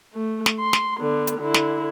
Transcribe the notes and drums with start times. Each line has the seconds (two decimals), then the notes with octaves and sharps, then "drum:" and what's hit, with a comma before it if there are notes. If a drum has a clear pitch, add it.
0.14 A3
0.46 drum: snare
0.60 C6
0.73 drum: snare
1.00 D3 B3
1.27 drum: hi-hat
1.39 D3 E4
1.54 drum: snare